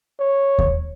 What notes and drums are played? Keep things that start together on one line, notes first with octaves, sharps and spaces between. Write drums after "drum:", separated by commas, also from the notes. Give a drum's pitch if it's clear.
C#5
drum: kick D#2